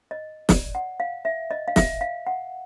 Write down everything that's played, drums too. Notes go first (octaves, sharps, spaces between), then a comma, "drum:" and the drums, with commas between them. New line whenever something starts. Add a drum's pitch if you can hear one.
D#5
D5, drum: snare
F#5
F5
E5
D#5
F5
E5, drum: snare
F5
F#5